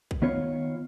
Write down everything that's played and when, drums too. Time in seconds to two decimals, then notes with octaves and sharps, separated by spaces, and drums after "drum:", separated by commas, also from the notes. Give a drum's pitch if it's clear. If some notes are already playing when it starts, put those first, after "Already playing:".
0.11 drum: kick
0.22 D#3 B3 F4 C#5